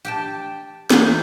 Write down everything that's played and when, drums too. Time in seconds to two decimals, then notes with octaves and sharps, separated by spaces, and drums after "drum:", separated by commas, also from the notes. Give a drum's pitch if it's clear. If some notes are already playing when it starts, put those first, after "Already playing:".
0.05 G4 G5 A5
0.90 E2 E4 F4 G6, drum: snare